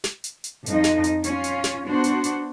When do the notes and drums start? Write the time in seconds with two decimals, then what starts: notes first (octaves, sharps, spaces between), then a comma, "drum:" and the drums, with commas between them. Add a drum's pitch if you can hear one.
0.04 drum: snare
0.24 drum: hi-hat
0.44 drum: hi-hat
0.66 F2 F3 D#4 D#5, drum: hi-hat
0.84 drum: snare
1.04 drum: hi-hat
1.24 C#4 F4, drum: hi-hat
1.44 drum: hi-hat
1.64 drum: snare
1.87 B3 D4 F#4 C5
2.04 drum: hi-hat
2.24 drum: hi-hat